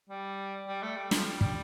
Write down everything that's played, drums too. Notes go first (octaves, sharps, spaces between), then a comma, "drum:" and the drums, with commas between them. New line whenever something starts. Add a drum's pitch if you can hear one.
G3
G3
A3
G3
F3, drum: snare
G3
G3, drum: kick